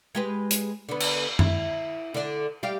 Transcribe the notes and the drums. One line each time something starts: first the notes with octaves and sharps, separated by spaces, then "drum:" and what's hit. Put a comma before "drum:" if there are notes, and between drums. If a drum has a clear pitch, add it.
G#3 G4 B4
drum: hi-hat
D3 B3
drum: cymbal
E4, drum: tom F#2
D3 D5
G3 G4 F5